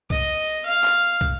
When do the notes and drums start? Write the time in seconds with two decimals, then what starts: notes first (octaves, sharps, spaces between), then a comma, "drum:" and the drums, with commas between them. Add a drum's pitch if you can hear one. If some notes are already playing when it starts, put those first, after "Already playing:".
0.10 D#5, drum: kick
0.66 F5
0.84 drum: clap
1.21 drum: kick